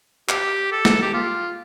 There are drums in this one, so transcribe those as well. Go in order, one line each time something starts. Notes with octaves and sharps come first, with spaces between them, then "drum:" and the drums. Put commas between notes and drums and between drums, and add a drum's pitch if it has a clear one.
G4, drum: clap
A4
drum: snare
G4
F4